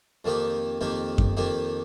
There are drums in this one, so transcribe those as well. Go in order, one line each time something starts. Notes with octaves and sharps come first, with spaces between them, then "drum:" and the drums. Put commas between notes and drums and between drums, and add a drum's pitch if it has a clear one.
F2 D#3 A#3 D#4 G4
F2 D#3 A#3 D#4 G4
drum: kick F#2
F2 D#3 A#3 D#4 G4